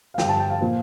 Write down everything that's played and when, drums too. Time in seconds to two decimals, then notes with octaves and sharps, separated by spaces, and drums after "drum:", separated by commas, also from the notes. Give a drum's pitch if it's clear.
0.14 F5
0.18 G2 D3 F3 G5, drum: snare
0.29 A5
0.40 G5
0.50 F5
0.61 A#2 F3